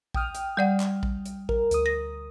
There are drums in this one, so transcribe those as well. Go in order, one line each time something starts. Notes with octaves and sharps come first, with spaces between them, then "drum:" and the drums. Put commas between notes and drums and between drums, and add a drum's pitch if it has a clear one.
G5 D#6 F6, drum: kick A#1
drum: hi-hat
G3 D5 F#5
drum: clap
drum: kick A#1
drum: hi-hat
A#4, drum: kick A#1
D2 D#6, drum: hi-hat
A#6